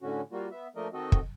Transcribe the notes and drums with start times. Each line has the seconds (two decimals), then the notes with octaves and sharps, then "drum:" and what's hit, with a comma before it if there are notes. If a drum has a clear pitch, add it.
0.02 A2 D3 C#4 F#4
0.32 G3 A#3 F4 F#4
0.51 B3 E5
0.76 F3 A3 A#3 D4 A#4 D#5
0.93 D#3 C4 F#4 A4 D#5
1.12 drum: kick